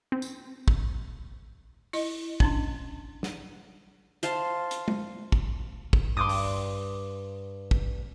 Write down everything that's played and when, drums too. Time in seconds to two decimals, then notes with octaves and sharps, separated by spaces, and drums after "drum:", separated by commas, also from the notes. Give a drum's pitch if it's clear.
0.12 C4
0.22 drum: tambourine
0.68 drum: kick
1.93 E4 D#5, drum: open hi-hat
2.40 C#4 D4 C6, drum: kick
3.23 drum: snare
4.23 C5 F5 A5, drum: hi-hat
4.71 drum: hi-hat
4.88 drum: tom
5.32 drum: kick
5.93 drum: kick
6.17 G2 C6 D6 D#6
6.29 drum: open hi-hat
7.71 drum: kick